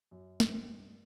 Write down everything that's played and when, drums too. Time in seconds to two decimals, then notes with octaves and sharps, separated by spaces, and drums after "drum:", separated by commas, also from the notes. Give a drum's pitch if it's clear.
0.11 F#2
0.40 G2, drum: snare